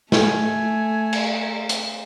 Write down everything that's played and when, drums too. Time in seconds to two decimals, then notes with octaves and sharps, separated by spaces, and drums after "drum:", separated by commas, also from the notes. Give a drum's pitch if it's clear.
0.12 A3 G#5, drum: snare A4
1.13 drum: cymbal
1.69 drum: hi-hat